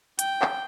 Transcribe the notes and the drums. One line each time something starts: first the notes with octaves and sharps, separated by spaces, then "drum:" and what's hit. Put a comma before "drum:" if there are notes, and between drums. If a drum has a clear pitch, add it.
G5, drum: hi-hat
drum: clap